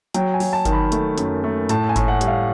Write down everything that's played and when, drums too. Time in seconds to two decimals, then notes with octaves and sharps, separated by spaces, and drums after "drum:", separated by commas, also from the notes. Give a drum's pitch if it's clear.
0.14 F#3 G5, drum: hi-hat
0.34 G#5
0.40 F#3, drum: open hi-hat
0.53 A5
0.65 D#3, drum: kick G1, hi-hat
0.72 B5
0.92 A3, drum: hi-hat
1.18 F#2, drum: hi-hat
1.44 A3
1.69 A2 A5, drum: hi-hat
1.89 G#5
1.96 A2, drum: kick G1, hi-hat
2.08 F#5
2.21 G3, drum: hi-hat
2.28 F5